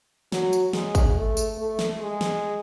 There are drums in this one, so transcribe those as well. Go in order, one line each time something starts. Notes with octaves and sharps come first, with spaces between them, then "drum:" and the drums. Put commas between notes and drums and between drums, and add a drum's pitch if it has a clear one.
F#3, drum: snare
drum: tambourine
G#3, drum: snare
drum: kick G#1, tambourine
A3
drum: tambourine
A3
drum: snare
G#3
drum: snare